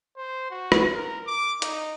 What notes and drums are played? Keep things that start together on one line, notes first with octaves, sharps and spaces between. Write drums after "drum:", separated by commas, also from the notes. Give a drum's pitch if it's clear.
C5
F#4
drum: rim click
A#4
D6
D#4, drum: hi-hat